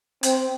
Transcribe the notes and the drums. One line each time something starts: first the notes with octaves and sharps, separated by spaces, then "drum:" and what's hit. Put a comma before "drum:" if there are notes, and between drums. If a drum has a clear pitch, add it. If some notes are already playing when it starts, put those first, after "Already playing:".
C4, drum: hi-hat